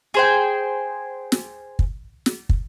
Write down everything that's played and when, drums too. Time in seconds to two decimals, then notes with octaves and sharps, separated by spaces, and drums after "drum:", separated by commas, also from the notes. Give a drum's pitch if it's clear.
0.14 G#4 C5 G5
1.32 drum: snare
1.79 drum: kick
2.26 drum: snare
2.49 drum: kick